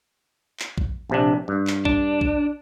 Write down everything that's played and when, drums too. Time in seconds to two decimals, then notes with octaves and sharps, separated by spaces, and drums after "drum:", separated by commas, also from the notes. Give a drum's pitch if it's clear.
0.60 drum: clap
0.78 drum: kick A#1
1.10 A#1 C3 D4
1.48 G2
1.67 drum: clap
1.85 D4, drum: kick A#1
2.21 drum: kick A#1